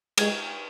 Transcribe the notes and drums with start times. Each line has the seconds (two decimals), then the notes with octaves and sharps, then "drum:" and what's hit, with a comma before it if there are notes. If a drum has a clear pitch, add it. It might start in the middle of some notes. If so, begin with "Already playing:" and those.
0.18 G#3, drum: cymbal